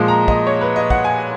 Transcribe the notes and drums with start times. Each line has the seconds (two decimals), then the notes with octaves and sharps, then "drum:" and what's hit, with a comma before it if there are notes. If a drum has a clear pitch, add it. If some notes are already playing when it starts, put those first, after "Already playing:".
Already playing: A#2 F3 G#3
0.08 A#5
0.28 D#5, drum: kick
0.47 C#5
0.61 B4
0.76 D#5
0.90 F#5, drum: kick
1.04 G#5